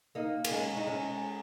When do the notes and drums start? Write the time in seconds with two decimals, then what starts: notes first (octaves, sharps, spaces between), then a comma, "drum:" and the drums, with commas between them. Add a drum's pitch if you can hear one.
0.15 A#3 D#4
0.45 A#3, drum: cymbal
0.51 G#3 C#4
0.77 D#4
0.87 G#3 C#4